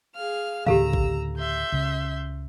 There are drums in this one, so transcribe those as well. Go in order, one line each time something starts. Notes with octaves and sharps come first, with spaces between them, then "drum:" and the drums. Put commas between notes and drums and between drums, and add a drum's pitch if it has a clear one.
G#4 F5 F6
D2 A2 C#3 G4 A4 F5 A#5 E6, drum: tom D#3
drum: kick A1
E5 C6 G6
C#2 C#3